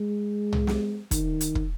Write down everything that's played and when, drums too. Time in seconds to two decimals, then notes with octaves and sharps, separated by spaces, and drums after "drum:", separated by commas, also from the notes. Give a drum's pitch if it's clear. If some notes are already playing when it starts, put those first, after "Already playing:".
Already playing: G#3
0.53 drum: tom
0.67 drum: snare
1.11 D#3, drum: kick, hi-hat
1.41 drum: hi-hat
1.55 drum: kick